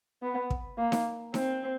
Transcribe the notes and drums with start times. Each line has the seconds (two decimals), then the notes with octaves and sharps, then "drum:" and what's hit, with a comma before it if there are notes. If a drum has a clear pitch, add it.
0.23 B3
0.50 drum: kick
0.78 A#3
0.92 drum: snare D#4
1.34 C4, drum: snare D#4